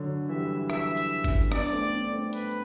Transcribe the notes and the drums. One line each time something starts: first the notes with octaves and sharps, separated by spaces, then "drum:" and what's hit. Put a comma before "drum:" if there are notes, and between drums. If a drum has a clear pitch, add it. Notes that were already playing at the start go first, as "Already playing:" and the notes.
Already playing: D3 F#3
E3 G3 E5
E5, drum: rim click
drum: hi-hat
drum: kick G1, hi-hat
B3 D4 D5, drum: rim click
A3 C4
B3 D4
A3 C4
B4, drum: hi-hat